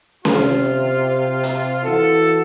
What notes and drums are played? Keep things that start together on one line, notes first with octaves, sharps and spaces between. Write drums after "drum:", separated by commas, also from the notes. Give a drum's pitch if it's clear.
C3 F4, drum: snare C#4
drum: hi-hat
E3 F#4 A4